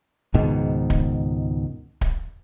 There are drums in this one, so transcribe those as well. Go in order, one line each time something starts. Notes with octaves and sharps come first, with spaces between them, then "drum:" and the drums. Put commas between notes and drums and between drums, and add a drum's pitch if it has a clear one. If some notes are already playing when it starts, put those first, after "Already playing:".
C#2 G#2 B2 D#3
drum: kick D1
drum: kick D1